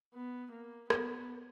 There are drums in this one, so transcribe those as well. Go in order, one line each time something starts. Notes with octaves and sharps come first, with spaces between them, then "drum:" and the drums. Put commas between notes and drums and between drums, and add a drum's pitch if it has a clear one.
B3
A#3
B3, drum: rim click